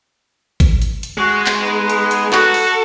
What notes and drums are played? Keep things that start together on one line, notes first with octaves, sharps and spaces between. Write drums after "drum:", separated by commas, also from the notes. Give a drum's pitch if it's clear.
drum: kick, hi-hat
drum: hi-hat
drum: hi-hat
G#3 F#4
drum: clap
B3 D#4
drum: hi-hat
drum: hi-hat
F#4 A4, drum: clap
drum: open hi-hat